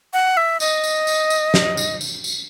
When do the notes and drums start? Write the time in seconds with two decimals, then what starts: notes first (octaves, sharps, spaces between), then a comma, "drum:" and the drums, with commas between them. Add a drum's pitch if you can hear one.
0.13 F#5
0.37 E5
0.60 D#5, drum: tambourine
0.84 drum: tambourine
1.07 drum: tambourine
1.30 drum: tambourine
1.54 drum: snare
1.77 drum: tambourine
2.01 drum: tambourine
2.24 drum: tambourine